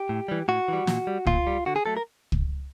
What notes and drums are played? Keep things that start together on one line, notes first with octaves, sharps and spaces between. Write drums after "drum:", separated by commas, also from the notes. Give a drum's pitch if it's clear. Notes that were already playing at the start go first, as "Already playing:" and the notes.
Already playing: G4
A2
E3 G3
A2 F#4
E3 G3
A#2, drum: snare
G3
A#2 F4, drum: kick
G3
D3 F#4
G#4
F#3 A3 A4
A#4
drum: kick